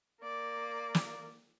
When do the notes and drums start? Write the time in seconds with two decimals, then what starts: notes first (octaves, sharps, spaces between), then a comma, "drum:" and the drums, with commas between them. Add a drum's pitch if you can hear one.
0.21 A#3 D5
0.95 drum: snare